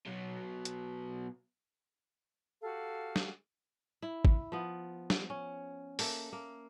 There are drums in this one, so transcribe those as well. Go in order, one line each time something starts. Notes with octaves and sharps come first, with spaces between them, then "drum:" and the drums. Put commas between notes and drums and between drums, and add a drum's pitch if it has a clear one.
B2 F#3
drum: hi-hat
F#4 G4 A4 F5
drum: snare
E4
drum: kick
F3 B3
drum: snare
C#4
A#3 A4 E5, drum: open hi-hat
A#3